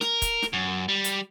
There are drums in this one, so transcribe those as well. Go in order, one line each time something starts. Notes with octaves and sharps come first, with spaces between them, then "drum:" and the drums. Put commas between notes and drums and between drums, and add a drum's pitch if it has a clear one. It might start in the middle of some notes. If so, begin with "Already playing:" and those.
A#4, drum: snare
drum: kick, hi-hat
drum: snare
F#2
G3
drum: hi-hat